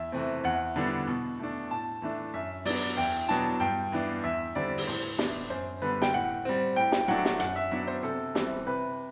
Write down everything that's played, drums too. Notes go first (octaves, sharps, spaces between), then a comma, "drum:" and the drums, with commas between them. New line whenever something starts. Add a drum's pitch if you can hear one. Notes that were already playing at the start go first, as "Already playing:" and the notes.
Already playing: E2 E5
C3 E3 A3 C4
E2 F#5
D3 G3 B3 D4
B2
A3 D4
A2 A5
E3 A3 D4
F#2 E5
F#3 B3 D4 D5, drum: open hi-hat
E2 G5
B2 F#3 B3 D4 A5
G2 G5
E3 B3 D4
E2 E5
D3 G3 C4 D5
drum: open hi-hat
A2 C5
E3 B3 D4, drum: snare
F#2 C5
D3 G3 B3 B4
G5, drum: snare
A2 F#5
G3 C4
A2 G5
drum: snare
F#3 A3 D4 F#5
drum: snare
F#2 F#5, drum: hi-hat
E5
F#3 B3 D4 E5
C5
C3 A4
E3 G3 C4, drum: snare
C3 B4